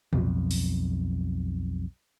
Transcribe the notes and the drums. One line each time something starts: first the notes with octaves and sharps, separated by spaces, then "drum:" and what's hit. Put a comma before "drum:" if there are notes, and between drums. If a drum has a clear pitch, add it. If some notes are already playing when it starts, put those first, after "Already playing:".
B1 F2, drum: tom A2
drum: open hi-hat